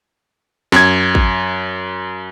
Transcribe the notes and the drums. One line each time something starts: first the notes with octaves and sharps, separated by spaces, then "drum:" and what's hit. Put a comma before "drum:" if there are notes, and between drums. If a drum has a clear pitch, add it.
F#2 G#6, drum: snare
drum: kick